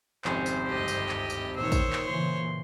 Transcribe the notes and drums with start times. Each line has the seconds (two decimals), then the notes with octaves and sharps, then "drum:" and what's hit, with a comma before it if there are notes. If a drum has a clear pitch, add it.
0.25 G#1 F2 C3 C#4 C5, drum: clap
0.46 drum: tambourine
0.67 D2 G2 G4 D#5
0.88 drum: tambourine
1.09 drum: clap
1.30 drum: tambourine
1.56 A#2 D#3 C5 C#5 E6
1.72 drum: kick, tambourine
1.93 drum: clap
2.08 A#2 C#3 E3 C6